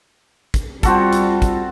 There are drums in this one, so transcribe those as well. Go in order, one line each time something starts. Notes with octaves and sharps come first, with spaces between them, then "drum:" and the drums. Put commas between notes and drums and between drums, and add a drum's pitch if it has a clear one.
drum: kick, hi-hat
G3 C4 F4 F#4 A4, drum: kick, hi-hat
drum: hi-hat
drum: kick, hi-hat